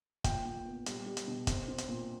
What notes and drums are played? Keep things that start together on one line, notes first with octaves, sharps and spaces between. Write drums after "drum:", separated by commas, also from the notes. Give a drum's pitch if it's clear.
A#2 G5, drum: kick, hi-hat
A#2
B3
G3, drum: hi-hat
G3
drum: hi-hat
B2
C4, drum: kick, hi-hat
C4
drum: hi-hat
A#2